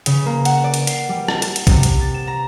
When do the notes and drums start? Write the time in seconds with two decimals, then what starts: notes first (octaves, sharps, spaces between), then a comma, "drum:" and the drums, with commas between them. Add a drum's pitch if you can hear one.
0.06 C#3, drum: hi-hat
0.26 A#3
0.45 F#5, drum: hi-hat
0.64 D5
0.74 drum: hi-hat
0.87 C7, drum: hi-hat
1.09 G3
1.28 drum: rim click
1.42 drum: hi-hat
1.56 drum: hi-hat
1.67 C3, drum: kick, hi-hat
1.83 drum: hi-hat
2.01 A6
2.14 E7
2.27 A#5